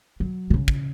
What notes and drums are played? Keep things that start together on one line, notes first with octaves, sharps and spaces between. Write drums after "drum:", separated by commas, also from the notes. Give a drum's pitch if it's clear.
F#3
B2
C#3
drum: kick